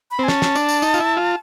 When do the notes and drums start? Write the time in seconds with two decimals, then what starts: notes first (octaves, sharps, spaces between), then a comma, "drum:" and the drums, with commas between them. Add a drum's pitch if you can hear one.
0.11 B5
0.19 C4
0.24 G#5
0.28 C#4 A5, drum: snare
0.42 drum: snare
0.55 D4, drum: tambourine
0.69 drum: tambourine
0.82 D#4, drum: tambourine
0.94 F4, drum: tambourine
1.00 E4
1.17 F4